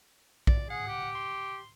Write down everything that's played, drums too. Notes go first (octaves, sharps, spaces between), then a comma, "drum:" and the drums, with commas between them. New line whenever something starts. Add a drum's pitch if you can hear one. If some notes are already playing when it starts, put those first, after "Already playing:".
D5, drum: kick A#1
G#4 F#5
G4
C6